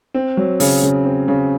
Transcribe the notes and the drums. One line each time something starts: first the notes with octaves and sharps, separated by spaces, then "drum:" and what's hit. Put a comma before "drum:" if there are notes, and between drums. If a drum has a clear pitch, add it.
C4
F#3
C#3, drum: open hi-hat
C#3
C4
C#3